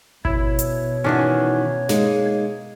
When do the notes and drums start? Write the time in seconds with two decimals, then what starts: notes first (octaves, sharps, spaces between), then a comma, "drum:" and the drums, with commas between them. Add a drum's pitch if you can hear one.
0.25 B2 E4 C#5, drum: kick G#1
0.59 drum: hi-hat
1.04 D#3 E3 C#4 D4 F#4
1.89 G#3 A#3 D#4, drum: snare